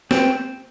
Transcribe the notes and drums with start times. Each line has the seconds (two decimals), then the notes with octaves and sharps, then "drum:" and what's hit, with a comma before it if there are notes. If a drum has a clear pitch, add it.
0.11 C4, drum: snare